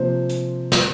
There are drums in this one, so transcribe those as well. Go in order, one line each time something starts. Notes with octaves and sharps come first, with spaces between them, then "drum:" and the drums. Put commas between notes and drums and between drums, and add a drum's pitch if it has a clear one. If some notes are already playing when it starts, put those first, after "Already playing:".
Already playing: C3 F3 A#3 C5
drum: hi-hat
drum: snare